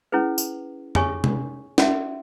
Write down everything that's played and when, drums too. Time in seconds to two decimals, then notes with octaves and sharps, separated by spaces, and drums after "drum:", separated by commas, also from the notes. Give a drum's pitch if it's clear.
0.12 C#4 E4 G#4 B4
0.38 drum: tambourine
0.95 G#4 C#5 G#5 C#6, drum: tom F2
1.24 drum: tom C3
1.78 C#4 F#4 E5, drum: snare